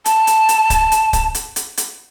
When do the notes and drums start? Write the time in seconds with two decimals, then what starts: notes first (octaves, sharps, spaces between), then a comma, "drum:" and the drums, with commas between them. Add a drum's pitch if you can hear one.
0.06 A5, drum: hi-hat
0.27 drum: hi-hat
0.49 drum: hi-hat
0.70 drum: kick C#1, hi-hat
0.92 drum: hi-hat
1.13 drum: kick C#1, hi-hat
1.35 drum: hi-hat
1.56 drum: hi-hat
1.77 drum: hi-hat